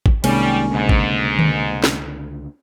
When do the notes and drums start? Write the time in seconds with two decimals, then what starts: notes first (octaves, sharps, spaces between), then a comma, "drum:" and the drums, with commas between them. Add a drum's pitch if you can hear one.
0.06 drum: kick A1
0.24 C2 C3 D#3 G3 G#3 A#3 C#4, drum: cymbal
0.71 C#2 G#2 D3
0.89 drum: kick A1
1.39 drum: tom D3
1.84 drum: snare